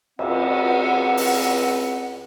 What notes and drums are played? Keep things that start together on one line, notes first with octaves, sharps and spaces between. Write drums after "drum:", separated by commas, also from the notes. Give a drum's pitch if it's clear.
C#2 C#3 C4 F#5, drum: cymbal
drum: open hi-hat